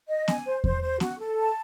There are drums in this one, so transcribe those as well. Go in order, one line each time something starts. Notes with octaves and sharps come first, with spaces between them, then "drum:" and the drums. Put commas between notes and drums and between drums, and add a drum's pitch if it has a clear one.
D#5
G#5, drum: snare
C5
C5, drum: kick E2
C5
F#4, drum: snare
A4
A5